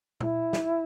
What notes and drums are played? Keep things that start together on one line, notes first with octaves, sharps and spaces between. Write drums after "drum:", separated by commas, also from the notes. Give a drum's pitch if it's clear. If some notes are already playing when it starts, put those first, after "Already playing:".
E4, drum: tom
drum: snare